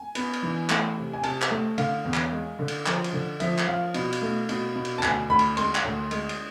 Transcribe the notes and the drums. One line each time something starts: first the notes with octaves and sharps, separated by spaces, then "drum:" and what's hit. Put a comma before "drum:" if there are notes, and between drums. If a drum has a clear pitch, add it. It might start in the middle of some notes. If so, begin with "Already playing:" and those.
Already playing: G#5
B3, drum: cymbal
drum: cymbal
E3
A3, drum: clap
C3
G#5
C3 A5, drum: cymbal
drum: clap
A3
D3 F5, drum: cymbal
E2
drum: clap
G#3
D3
drum: cymbal
F3, drum: clap
drum: cymbal
D3
F3 E5, drum: cymbal
drum: clap
F3 F5
B2, drum: cymbal
drum: cymbal
A3
B2, drum: cymbal
B2
drum: cymbal
A5
D2 G#5, drum: clap
D2 B5
drum: cymbal
G#3 C6, drum: cymbal
drum: clap
D2
G#3, drum: cymbal
drum: cymbal